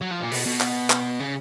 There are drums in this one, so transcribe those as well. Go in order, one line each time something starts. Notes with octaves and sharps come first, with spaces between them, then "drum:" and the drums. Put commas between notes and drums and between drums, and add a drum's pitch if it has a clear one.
F#3
F3
A#2
B2, drum: open hi-hat
B2
drum: clap
drum: clap
C#3